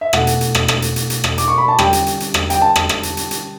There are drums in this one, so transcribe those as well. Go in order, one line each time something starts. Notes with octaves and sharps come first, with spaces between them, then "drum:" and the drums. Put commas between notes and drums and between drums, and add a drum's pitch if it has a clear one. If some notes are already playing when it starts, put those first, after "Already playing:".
E5
B2 A3 E4 A4 F#5, drum: rim click
drum: hi-hat
drum: hi-hat
drum: rim click
drum: rim click
drum: hi-hat
drum: hi-hat
drum: hi-hat
drum: rim click
D6, drum: hi-hat
C#6
B5
A5
D3 G3 C#4 G4 G5, drum: rim click
drum: hi-hat
drum: hi-hat
drum: hi-hat
drum: rim click
G5, drum: hi-hat
A5
drum: rim click
drum: rim click
drum: hi-hat
drum: hi-hat
drum: hi-hat